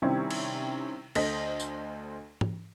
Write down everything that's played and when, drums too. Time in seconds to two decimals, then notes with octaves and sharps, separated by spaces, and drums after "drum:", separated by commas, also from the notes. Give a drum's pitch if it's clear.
0.02 C3 D#3 G3 C4 C#4 E4
0.30 drum: cymbal
1.15 D2 A4 C5 D#5 A#6 B6, drum: cymbal
1.60 drum: tambourine
2.41 drum: tom